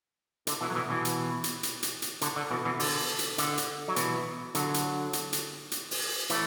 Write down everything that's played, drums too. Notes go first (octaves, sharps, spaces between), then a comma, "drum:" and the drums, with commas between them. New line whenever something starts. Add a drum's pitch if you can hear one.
D3, drum: hi-hat
B2 E3
F#3
B2 E3
B2 E3
drum: hi-hat
drum: hi-hat
drum: hi-hat
drum: hi-hat
drum: hi-hat
D3, drum: hi-hat
D3
B2 E3
B2 E3
D3, drum: open hi-hat
drum: hi-hat
D3, drum: hi-hat
drum: hi-hat
F#3
B2 E3, drum: hi-hat
D3 F#3, drum: hi-hat
drum: hi-hat
drum: hi-hat
drum: hi-hat
drum: hi-hat
drum: open hi-hat
E3 A3, drum: hi-hat